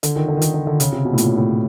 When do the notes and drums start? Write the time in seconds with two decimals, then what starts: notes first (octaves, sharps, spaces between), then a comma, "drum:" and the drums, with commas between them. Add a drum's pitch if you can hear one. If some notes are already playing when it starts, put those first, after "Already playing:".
0.03 D3, drum: hi-hat
0.16 D#3
0.28 D3
0.37 D#3
0.42 D3, drum: hi-hat
0.54 D3
0.67 D3
0.80 C#3, drum: hi-hat
0.92 C3
1.05 B2
1.13 A2
1.18 A#2, drum: hi-hat
1.37 A2